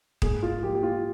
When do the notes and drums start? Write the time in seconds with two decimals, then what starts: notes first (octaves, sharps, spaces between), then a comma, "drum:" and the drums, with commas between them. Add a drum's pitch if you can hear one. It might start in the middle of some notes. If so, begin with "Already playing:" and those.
0.22 G#2 G#4, drum: kick D#1
0.42 F4
0.63 F3 A#3 G4
0.74 G4
0.83 F4